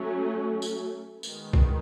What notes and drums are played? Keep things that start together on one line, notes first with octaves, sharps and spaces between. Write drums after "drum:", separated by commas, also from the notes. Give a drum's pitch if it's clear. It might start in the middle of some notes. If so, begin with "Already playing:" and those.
Already playing: F#3 A3 C#4
drum: tambourine
D#3 G#3 B3, drum: tambourine
drum: kick